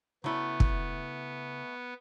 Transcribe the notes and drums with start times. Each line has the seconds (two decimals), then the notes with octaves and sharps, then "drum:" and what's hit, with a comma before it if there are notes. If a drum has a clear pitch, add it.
0.24 C#3 F#3 A3 B3 E4 D5
0.60 drum: kick